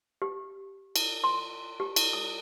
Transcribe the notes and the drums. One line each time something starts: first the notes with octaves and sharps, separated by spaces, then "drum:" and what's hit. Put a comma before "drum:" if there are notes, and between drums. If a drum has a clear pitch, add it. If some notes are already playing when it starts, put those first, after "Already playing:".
G4
drum: cymbal
C6
G4
drum: cymbal
D#6